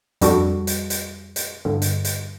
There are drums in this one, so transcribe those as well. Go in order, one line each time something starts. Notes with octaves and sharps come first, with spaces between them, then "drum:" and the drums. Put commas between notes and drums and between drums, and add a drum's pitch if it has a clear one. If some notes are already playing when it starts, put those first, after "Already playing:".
F2 G3 D4 F#4 A4, drum: hi-hat
drum: hi-hat
drum: hi-hat
drum: hi-hat
G2 D3
drum: hi-hat
drum: hi-hat